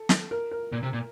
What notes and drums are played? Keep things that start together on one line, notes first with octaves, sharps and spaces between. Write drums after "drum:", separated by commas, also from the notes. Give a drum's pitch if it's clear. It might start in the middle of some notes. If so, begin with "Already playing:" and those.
Already playing: A4
drum: snare
A#4
A#4
A#2
C3
A#2